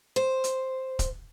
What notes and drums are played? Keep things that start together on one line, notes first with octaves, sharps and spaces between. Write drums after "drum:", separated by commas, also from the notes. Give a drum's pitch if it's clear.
C5
drum: hi-hat
drum: kick D1, hi-hat